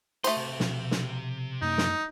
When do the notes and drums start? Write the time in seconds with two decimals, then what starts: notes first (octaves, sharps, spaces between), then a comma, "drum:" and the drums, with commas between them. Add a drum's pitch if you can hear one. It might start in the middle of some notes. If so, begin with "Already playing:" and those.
0.24 A3 C5 D#5, drum: cymbal
0.36 C3
0.60 B2 F3, drum: snare
0.91 drum: snare
1.61 F#2 A#3 D#4
1.78 drum: snare